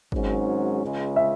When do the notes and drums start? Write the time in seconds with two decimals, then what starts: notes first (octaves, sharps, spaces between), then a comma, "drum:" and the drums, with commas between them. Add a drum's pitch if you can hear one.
0.12 G#1 G#2 F#3 C#4, drum: kick
0.81 C#2 C#3 G#3
1.16 E5